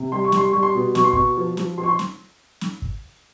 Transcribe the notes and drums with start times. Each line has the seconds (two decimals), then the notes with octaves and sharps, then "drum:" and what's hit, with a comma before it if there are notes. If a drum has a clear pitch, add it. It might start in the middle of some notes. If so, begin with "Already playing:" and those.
Already playing: C3
0.12 G3 C6
0.24 C#6
0.32 G3 C6, drum: snare
0.50 G3 C#6
0.63 C6
0.75 B2
0.95 B2 C#6, drum: snare
1.04 C6
1.13 B2 C#6, drum: kick
1.37 F3
1.57 F3, drum: snare
1.78 F3 C6
1.83 C#6
1.89 C6
1.99 drum: snare
2.61 drum: snare
2.82 drum: kick